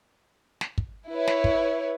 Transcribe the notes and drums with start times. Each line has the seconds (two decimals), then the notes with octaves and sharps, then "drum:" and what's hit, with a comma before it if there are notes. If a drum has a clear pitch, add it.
0.61 drum: snare
0.78 drum: kick
1.11 E4 B4 C#5
1.27 drum: snare
1.44 drum: kick